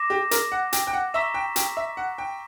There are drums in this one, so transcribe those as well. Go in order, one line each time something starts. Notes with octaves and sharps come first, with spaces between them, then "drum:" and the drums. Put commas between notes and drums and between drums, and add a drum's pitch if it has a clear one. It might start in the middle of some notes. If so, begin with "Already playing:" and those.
Already playing: D6 A#6 E7
G4
A#4, drum: hi-hat
F#5
G5, drum: hi-hat
G5
F#5
E5 A#5 C#6 E6 B6 E7
G5
G5, drum: hi-hat
E5
F#5
G5